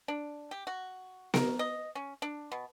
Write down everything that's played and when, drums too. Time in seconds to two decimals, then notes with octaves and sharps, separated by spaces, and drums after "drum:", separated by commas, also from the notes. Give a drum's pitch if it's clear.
0.08 D4
0.51 G4
0.67 F#4
1.34 A#4, drum: snare B3
1.59 D#5
1.95 C#4
2.22 D4
2.52 B2